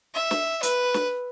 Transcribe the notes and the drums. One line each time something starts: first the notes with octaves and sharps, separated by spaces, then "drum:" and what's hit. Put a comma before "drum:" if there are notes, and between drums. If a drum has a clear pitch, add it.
E5
drum: snare
B4, drum: hi-hat
drum: snare